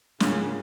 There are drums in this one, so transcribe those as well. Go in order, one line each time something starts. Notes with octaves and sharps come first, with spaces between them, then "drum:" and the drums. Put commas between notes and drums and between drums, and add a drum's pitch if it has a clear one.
G#2 C#3 G3 A#3 C#4 F4, drum: snare
C#3